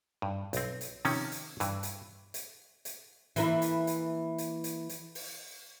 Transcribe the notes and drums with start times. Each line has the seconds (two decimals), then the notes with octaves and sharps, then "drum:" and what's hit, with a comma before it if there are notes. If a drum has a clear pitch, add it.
0.22 G2
0.53 B1 C4, drum: hi-hat
0.81 drum: hi-hat
1.05 C3 D#3 F3 C4 C#4, drum: open hi-hat
1.32 drum: hi-hat
1.60 G2 E3, drum: hi-hat
1.83 drum: hi-hat
2.34 drum: hi-hat
2.85 drum: hi-hat
3.36 E3 A#3 E4, drum: hi-hat
3.62 drum: hi-hat
3.87 drum: hi-hat
4.38 drum: hi-hat
4.64 drum: hi-hat
4.89 drum: hi-hat
5.15 drum: open hi-hat